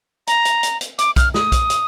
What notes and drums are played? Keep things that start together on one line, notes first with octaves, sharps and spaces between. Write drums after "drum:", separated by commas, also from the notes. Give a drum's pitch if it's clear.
A#5, drum: hi-hat
drum: hi-hat
drum: hi-hat
drum: hi-hat
D6, drum: hi-hat
F6, drum: kick B1, hi-hat
D#6, drum: snare
drum: kick B1, hi-hat
drum: hi-hat